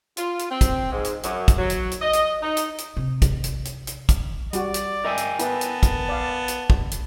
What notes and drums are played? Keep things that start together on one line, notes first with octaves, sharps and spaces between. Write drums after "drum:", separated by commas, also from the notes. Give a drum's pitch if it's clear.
F4, drum: hi-hat
drum: hi-hat
C4
drum: kick, hi-hat
G#2
drum: hi-hat
F#2, drum: hi-hat
drum: kick, hi-hat
F#3
drum: hi-hat
drum: hi-hat
D#5
drum: hi-hat
D#4
drum: hi-hat
drum: hi-hat
C3
drum: kick, hi-hat
drum: hi-hat
drum: hi-hat
drum: hi-hat
drum: kick, hi-hat
G3 F#4 D5, drum: hi-hat
drum: hi-hat
A#4 D#5 E5 G5 G#5
drum: hi-hat
B3 E4 B4 A5, drum: hi-hat
drum: hi-hat
drum: kick, hi-hat
D5 F5
drum: hi-hat
drum: kick
drum: hi-hat